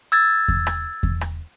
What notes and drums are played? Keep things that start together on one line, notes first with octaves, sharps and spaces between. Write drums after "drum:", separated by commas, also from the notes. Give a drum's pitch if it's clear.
E6 G#6 A6
drum: kick E2
drum: rim click
drum: kick E2
drum: rim click